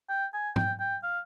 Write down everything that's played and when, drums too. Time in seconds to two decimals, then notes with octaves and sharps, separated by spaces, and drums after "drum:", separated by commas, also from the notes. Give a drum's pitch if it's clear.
0.09 G5
0.33 G#5
0.56 G5, drum: tom G#2
0.80 G5
1.03 F5